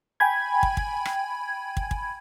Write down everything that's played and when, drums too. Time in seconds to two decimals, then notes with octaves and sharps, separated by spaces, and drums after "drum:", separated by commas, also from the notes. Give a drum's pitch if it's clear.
0.20 G5 G#5 B5 G#6
0.63 drum: kick
0.77 drum: kick
1.05 drum: rim click
1.77 drum: kick
1.91 drum: kick